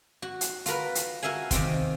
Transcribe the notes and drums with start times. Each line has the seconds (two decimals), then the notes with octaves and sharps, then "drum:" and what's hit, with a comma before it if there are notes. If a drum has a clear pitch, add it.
0.22 F#4
0.41 drum: hi-hat
0.66 F4 F#4 A#4 B4, drum: hi-hat
0.95 drum: hi-hat
1.23 F#4 A#4 E5 F5 G#5
1.51 C3 D#3 C4 F4, drum: kick, hi-hat